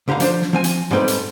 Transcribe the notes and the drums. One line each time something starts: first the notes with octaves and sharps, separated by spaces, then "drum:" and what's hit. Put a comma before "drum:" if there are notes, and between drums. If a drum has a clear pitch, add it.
C#2 D3 G4 F5 A#5
F3 D4 C5, drum: hi-hat
drum: snare
F3 C4 G#5
drum: hi-hat
G#2 G3 G#3 C4 A4 B4
drum: hi-hat